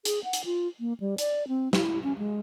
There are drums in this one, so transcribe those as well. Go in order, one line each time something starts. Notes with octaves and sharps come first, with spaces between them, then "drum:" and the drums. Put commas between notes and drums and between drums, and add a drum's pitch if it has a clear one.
G#4, drum: hi-hat
F#5
drum: hi-hat
F4
A#3
G3
D5, drum: hi-hat
C4
E4, drum: snare
C#4
G#3